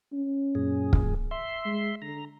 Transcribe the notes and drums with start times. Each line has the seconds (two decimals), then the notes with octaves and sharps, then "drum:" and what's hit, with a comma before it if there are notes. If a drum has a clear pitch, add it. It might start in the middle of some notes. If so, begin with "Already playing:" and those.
0.12 C#4
0.55 F#2 A#2 G#4
0.93 drum: kick
1.31 E5 C6
1.65 G#3
2.02 D3 A#5